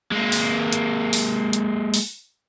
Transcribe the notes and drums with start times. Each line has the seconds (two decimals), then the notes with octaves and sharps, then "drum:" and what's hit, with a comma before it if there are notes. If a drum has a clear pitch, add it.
0.12 G#3 A#3
0.32 drum: open hi-hat
0.73 drum: hi-hat
1.13 drum: open hi-hat
1.53 drum: hi-hat
1.94 drum: open hi-hat